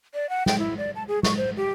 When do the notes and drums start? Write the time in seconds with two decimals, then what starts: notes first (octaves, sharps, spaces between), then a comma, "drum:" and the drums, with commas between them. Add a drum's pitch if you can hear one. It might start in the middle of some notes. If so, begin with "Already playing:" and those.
0.14 D5
0.29 F#5
0.46 G5, drum: snare
0.59 E4
0.78 D5
0.95 A5
1.08 G#4
1.23 C#6, drum: snare
1.37 C5
1.57 G4